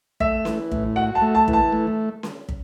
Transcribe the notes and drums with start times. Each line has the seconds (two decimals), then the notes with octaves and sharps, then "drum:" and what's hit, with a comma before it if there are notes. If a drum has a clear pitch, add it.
0.20 A3 E5, drum: kick
0.45 E3, drum: snare C#4
0.71 A2, drum: kick
0.96 F#4 F#5
1.15 A5
1.22 A3
1.35 A5
1.48 E3, drum: kick
1.53 A5
1.72 A3
2.23 drum: snare C#4
2.49 drum: kick